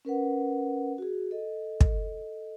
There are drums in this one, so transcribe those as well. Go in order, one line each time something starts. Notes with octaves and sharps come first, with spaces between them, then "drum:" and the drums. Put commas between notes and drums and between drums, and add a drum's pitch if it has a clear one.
C#4 A#4 B4 F#5
F#4 G#4
A4 D#5
drum: kick